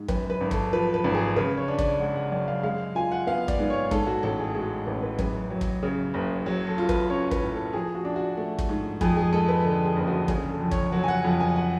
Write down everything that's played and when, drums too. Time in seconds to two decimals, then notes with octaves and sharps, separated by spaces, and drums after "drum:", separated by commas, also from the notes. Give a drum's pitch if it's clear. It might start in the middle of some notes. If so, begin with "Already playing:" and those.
Already playing: G#2
0.08 F#2 B4, drum: kick
0.30 B4
0.41 G#1
0.51 A4, drum: kick
0.73 F3 B4
0.94 B4
1.04 G#1
1.15 G#4
1.36 C#3 B4
1.57 C#5
1.68 D4
1.79 D5, drum: kick
2.00 G#3 F#5
2.16 F#5
2.32 F#2 D5
2.48 F5
2.63 G#3 F5
2.95 F4 G#5
3.12 F#5
3.27 B3 F5
3.48 D5, drum: kick
3.59 G#2
3.70 C#5
3.91 G#2 A4, drum: kick
4.07 F#4
4.23 A1 A4
4.39 G#4
4.55 G#3 F#4
4.86 A1 B4
5.03 B4
5.19 F#2 B4, drum: kick
5.50 F#3
5.61 drum: kick
5.83 C#3
6.14 F#1
6.46 F#3
6.67 A4
6.78 F4
6.89 B4, drum: kick
7.10 C#4 C#5
7.31 B4, drum: kick
7.42 A2
7.52 A4
7.73 F3 G#4
7.95 F#4
8.05 D4
8.16 F#4
8.37 A3
8.59 drum: kick
8.69 G#2
9.01 F2 G#4, drum: kick
9.17 G#4
9.32 G#3 A4
9.49 B4
9.65 D3 A4
9.86 G#4
9.96 F#1
10.07 F#4
10.28 C#3 G#4, drum: kick
10.50 A4
10.60 F2
10.71 C#5, drum: kick
10.92 F#3 F#5
11.04 G#5
11.08 F#5
11.25 F2
11.40 G#5
11.56 F#5